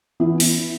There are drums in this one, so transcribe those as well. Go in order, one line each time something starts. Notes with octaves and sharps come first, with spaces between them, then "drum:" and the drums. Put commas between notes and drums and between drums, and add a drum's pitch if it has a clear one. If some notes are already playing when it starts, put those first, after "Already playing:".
E3 B3 E4
drum: open hi-hat